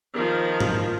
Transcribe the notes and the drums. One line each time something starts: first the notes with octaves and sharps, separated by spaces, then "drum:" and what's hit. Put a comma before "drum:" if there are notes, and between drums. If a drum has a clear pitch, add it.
D#3 F3
drum: tom G#2